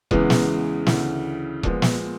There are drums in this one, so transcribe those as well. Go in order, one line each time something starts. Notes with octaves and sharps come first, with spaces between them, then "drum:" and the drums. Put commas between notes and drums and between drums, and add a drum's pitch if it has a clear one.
E2 C#3 E3 G#3 B3, drum: kick E1
drum: snare
D2 C#3 E3, drum: snare
A#2 F3 G#3 B3, drum: kick E1
drum: snare